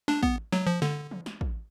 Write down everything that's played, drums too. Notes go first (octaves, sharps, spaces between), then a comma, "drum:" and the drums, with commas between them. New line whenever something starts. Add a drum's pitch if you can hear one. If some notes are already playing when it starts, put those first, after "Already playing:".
D4, drum: snare
B3, drum: kick
F#3, drum: snare
F3
D3, drum: snare
drum: tom E3
drum: snare
drum: kick